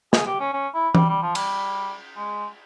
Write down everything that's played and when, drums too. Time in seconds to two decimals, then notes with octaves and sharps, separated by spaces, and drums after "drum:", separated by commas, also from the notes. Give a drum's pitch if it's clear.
0.13 G#4, drum: snare
0.27 G4
0.40 C#4
0.53 C#4
0.75 E4
0.95 G3, drum: tom E3
1.09 G3
1.23 F3
1.35 G3, drum: cymbal
2.17 G#3